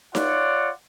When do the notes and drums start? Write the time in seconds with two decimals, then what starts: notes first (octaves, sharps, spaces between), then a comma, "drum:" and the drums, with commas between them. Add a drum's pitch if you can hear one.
0.15 F4 C#5 D5 F#5, drum: snare D#4